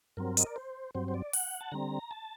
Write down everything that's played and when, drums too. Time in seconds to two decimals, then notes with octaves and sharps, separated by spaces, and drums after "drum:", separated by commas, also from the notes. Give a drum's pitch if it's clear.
0.17 G2 F#3 C4 A#4
0.37 D#5, drum: hi-hat
0.46 D5
0.56 C5
0.95 G2 F#3 C4 C5
1.08 C5
1.14 D5
1.33 F#5, drum: open hi-hat
1.61 A5
1.72 D3 G3 C4 A#5
2.11 A5